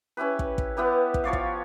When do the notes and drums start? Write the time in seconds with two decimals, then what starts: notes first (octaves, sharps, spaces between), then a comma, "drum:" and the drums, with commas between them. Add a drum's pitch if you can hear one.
0.17 C#4 E4 G4 B4
0.39 drum: kick
0.58 drum: kick
0.77 B3 E4 G4 B4
1.14 drum: kick
1.24 F3 C#5 D5 F5
1.33 drum: kick